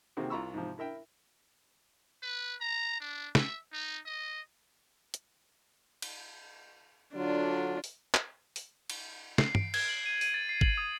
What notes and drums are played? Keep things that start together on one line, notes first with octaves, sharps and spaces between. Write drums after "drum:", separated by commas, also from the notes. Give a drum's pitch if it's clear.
C3 D#3 A#3 C4 F#4 G#4
C2 F4 A#5 B5 C#6 E6
G#2 C3 F3
E4 A#4 E5 G5
B4
A#5
D4
E5, drum: snare
D#4
D#5
drum: hi-hat
drum: cymbal
D3 F#3 D4 F4
drum: open hi-hat
drum: clap
drum: open hi-hat
drum: cymbal
C7, drum: snare
D7, drum: tom
G#6, drum: cymbal
F#7
D#7
D#7, drum: open hi-hat
A6
C7
F#7, drum: kick G#1
D#6